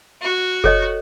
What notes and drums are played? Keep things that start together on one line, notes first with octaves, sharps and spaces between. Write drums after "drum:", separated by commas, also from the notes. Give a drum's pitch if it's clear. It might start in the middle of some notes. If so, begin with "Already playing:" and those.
F#4
A4 C#5 D#5, drum: kick F#1